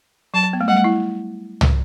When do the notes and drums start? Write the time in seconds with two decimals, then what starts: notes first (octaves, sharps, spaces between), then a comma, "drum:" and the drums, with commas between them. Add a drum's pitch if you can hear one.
0.34 F#3 A5
0.53 B3
0.61 A3
0.68 G3 F#5
0.76 A3
0.84 E4
1.61 drum: tom